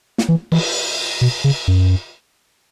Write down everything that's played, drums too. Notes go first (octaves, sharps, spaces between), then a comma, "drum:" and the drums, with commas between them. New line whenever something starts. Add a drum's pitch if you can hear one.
drum: snare
E3
E3, drum: cymbal
B2
C#3
F#2